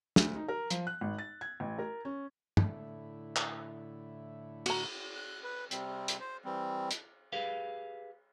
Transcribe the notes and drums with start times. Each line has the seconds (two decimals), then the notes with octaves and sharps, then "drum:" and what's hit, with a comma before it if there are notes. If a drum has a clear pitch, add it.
0.16 D2, drum: snare
0.36 D#4
0.48 A#4
0.70 F3, drum: hi-hat
0.87 F#6
1.01 G#1
1.18 A6
1.41 G#6
1.60 A1
1.78 A#4
2.05 C#4
2.57 A2 D3 E4, drum: tom
3.36 drum: clap
4.66 F#4 A#5, drum: cymbal
5.15 F#6
5.43 B4
5.71 C3 G3 C4, drum: hi-hat
6.08 drum: hi-hat
6.20 C5
6.45 E3 G3 C4
6.91 drum: hi-hat
7.32 G4 G#4 B4 F5